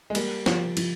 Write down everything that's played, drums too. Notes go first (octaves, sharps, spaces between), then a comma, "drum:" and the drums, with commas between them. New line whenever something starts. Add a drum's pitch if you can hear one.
G#3
G3 A#3, drum: cymbal
F3, drum: snare
F3, drum: cymbal